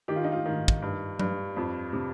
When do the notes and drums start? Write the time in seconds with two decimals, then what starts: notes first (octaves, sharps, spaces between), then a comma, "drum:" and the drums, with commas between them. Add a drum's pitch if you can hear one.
0.08 D#3 G4
0.16 F4
0.24 D#4
0.32 F4
0.46 D#3
0.68 drum: kick
0.82 G2
1.19 G2, drum: tom F#3
1.56 F2
1.93 C3